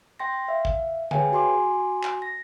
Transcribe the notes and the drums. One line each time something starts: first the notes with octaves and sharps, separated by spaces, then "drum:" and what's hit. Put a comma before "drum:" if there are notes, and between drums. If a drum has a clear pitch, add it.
G5 C6 A#6
E5 F5
drum: kick
G#4 B4 C#5 F5 G5 G#5, drum: tom D3
F#4 G#5 C6 D6
drum: clap
A#6